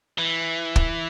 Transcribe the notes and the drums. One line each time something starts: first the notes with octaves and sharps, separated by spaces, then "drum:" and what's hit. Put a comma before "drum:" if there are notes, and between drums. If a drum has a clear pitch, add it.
E3
drum: kick